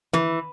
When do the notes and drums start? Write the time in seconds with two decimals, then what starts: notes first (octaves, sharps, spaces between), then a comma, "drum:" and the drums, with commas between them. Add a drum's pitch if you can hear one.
0.13 E3, drum: tom